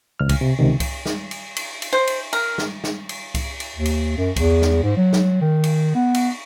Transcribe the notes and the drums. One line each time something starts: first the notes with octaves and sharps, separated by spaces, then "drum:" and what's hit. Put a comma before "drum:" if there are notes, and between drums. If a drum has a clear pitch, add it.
C#2 F6
drum: kick C2, cymbal
C3
C#2 C3 D#3
drum: kick C2, cymbal
drum: snare
drum: cymbal
drum: cymbal
drum: cymbal
C5
drum: cymbal
A#4, drum: cymbal
drum: snare
drum: snare
drum: cymbal
drum: kick C2, cymbal
drum: cymbal
D#2
drum: cymbal
F#2
E2, drum: kick C2, cymbal
drum: snare
G#2
F#3
drum: snare
D#3
drum: cymbal
B3
drum: cymbal